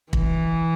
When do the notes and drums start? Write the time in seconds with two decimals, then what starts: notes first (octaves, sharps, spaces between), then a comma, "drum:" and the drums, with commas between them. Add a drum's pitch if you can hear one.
0.13 E3, drum: kick